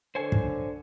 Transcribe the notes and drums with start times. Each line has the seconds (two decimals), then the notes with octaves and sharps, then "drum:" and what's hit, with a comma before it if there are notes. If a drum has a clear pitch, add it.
0.15 D3 C5 C#5 G#5
0.32 drum: kick